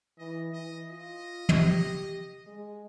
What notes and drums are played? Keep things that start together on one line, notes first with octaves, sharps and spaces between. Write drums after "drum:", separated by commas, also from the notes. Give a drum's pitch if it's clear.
E3 D#5
E3 D#5
F4 D#5
G4, drum: tom
G#3